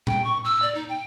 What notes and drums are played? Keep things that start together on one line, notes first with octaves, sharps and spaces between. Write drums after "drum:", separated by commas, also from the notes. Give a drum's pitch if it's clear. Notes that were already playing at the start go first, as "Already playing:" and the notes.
G5, drum: tom A#2
C#6
E6
D5
D#4
G5